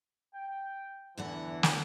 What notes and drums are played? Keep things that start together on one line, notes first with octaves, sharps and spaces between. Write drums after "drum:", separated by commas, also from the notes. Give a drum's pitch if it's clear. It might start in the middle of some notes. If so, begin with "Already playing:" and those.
G5
E2 D3 E3 F#5
drum: snare